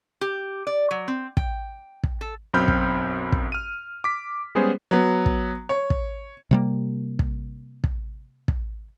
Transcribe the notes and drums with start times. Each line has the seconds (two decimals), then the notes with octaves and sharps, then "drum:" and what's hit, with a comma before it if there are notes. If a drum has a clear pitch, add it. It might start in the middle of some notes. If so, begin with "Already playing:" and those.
0.21 G4
0.67 D5
0.91 F#3
1.08 C4
1.37 G5, drum: kick
2.03 drum: kick
2.21 A4
2.53 B1 F#2 C4 B5 F6 G6
2.68 drum: kick
3.32 drum: kick
3.52 F6 D#7
4.04 D6 B6
4.55 G3 G#3 B3 C#4 G#4 C5
4.91 F#3 B3
5.26 drum: kick
5.69 C#5
5.90 drum: kick
6.51 C3 G3 A#3
7.19 drum: kick
7.84 drum: kick
8.48 drum: kick